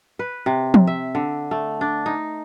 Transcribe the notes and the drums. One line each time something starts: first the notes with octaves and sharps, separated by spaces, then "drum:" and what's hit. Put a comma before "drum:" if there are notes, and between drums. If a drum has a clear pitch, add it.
B4
C3
drum: tom F3
E5
D3
A3
D4
D#4